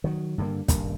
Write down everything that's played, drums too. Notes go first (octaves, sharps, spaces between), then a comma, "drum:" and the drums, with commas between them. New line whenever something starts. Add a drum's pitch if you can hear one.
D#3 F#3
G2 D3 A#3
D#1 G2 A#3, drum: kick, hi-hat